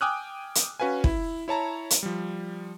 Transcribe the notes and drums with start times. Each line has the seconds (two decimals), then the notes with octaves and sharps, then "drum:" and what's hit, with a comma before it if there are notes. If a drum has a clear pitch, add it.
0.01 G5 G#5 D6 D#6 F6 F#6
0.55 drum: hi-hat
0.80 C#4 F#4 B4 F5 G#5
1.04 E4, drum: kick
1.48 E4 C#5 A5 A#5
1.90 drum: hi-hat
2.03 F3 G3